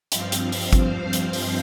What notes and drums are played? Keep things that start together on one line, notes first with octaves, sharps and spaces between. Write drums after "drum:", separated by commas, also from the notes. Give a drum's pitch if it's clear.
G2 F3 C4 F5, drum: hi-hat
drum: hi-hat
drum: open hi-hat
C5, drum: kick, hi-hat
drum: hi-hat
drum: open hi-hat